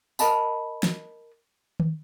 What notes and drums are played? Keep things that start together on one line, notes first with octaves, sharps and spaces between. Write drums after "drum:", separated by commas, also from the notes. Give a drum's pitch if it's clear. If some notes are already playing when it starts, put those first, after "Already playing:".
A#4 D#5 A5 B5, drum: tambourine
drum: snare
drum: tom D#3